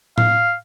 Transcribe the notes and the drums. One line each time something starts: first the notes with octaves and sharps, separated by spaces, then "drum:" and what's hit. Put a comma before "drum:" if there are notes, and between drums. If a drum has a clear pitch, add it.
F5, drum: tom A2